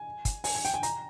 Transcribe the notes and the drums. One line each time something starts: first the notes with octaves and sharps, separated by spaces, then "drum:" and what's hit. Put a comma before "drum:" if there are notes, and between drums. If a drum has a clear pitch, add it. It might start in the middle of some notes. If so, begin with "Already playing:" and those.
Already playing: G#5
drum: kick, hi-hat
G#5, drum: open hi-hat
G#5
G5, drum: hi-hat
G#5
A#5, drum: hi-hat